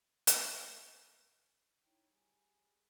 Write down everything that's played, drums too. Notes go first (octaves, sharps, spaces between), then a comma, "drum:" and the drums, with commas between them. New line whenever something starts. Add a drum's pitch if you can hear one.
drum: hi-hat
D#4 E4 C#5 G5
G3 G#4